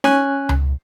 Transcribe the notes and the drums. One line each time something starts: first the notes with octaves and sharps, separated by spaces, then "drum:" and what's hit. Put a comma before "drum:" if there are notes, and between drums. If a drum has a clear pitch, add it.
C#4 G#5 F#6, drum: snare D#4
drum: tom C#2